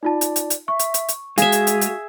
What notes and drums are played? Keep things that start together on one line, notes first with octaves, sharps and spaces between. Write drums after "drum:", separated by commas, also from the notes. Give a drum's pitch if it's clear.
D#4 F4 D5 A5
drum: hi-hat
drum: hi-hat
drum: hi-hat
E5 C#6
drum: hi-hat
drum: hi-hat
drum: hi-hat
G#3 F#4 G#4 E5 F5, drum: hi-hat
drum: hi-hat
drum: hi-hat
drum: hi-hat